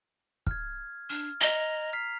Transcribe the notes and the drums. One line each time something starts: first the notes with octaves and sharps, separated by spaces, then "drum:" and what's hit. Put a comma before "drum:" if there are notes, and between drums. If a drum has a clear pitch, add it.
F6 G#6, drum: kick
D4 F6
D#5 A#5 F7, drum: hi-hat
F6 B6 C7